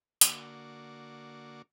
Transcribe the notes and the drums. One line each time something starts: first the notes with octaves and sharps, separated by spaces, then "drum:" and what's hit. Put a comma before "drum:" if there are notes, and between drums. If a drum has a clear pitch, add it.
D3 A#3 F#4 D5, drum: hi-hat